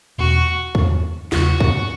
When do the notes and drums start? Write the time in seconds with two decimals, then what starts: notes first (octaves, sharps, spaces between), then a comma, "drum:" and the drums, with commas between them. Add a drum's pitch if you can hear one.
0.18 E2 B2 A3 C#4 F#4
0.75 E2 D#3 F#3 A3, drum: kick
1.32 E2 C#3 F#3 A3 F#4, drum: snare
1.60 drum: kick